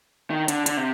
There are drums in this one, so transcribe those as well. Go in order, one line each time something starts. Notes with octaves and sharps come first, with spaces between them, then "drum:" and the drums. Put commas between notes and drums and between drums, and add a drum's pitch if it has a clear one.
D#3
D3, drum: hi-hat
D3, drum: hi-hat
C3